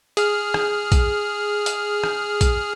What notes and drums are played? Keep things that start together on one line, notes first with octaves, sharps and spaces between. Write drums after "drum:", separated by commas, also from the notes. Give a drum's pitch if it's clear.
G#4 F6, drum: hi-hat
drum: rim click
drum: kick A#1, hi-hat
drum: hi-hat
drum: rim click
drum: kick A#1, hi-hat